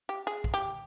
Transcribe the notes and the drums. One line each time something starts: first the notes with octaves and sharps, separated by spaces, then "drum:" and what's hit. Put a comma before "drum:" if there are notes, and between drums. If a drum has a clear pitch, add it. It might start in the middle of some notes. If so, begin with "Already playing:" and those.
G4
G#4, drum: hi-hat
drum: kick
G4